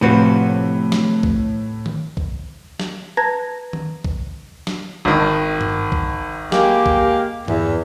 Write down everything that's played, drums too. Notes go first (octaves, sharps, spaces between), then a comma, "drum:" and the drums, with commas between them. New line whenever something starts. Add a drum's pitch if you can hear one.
A2 C3 F3 F#4 B4
drum: snare
drum: kick
drum: tom D#3
drum: kick
drum: snare
B4 A5 A#5 G#6 A#6
drum: tom D#3
drum: kick
drum: snare
G#1 D#3
drum: tom G2
drum: kick
G#3 A#3 G4, drum: snare
drum: kick
E2, drum: tom G2